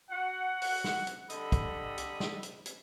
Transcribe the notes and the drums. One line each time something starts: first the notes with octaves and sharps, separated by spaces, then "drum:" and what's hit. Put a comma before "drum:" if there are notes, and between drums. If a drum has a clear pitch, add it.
F#4 F#5
drum: open hi-hat
drum: snare
drum: hi-hat
D3 G3 A4 D#5 B5, drum: hi-hat
drum: kick, hi-hat
drum: hi-hat
drum: snare
drum: hi-hat
drum: hi-hat